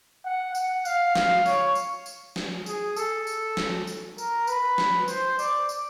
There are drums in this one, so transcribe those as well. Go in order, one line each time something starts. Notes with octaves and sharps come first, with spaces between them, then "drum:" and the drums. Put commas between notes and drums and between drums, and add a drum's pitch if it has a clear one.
F#5
F#5, drum: tambourine
F5, drum: tambourine
F5, drum: snare
C#5, drum: tambourine
drum: tambourine
drum: tambourine
drum: snare
G#4, drum: tambourine
A4, drum: tambourine
drum: tambourine
drum: snare
drum: tambourine
A#4, drum: tambourine
B4, drum: tambourine
drum: snare
C5, drum: tambourine
D5, drum: tambourine
drum: tambourine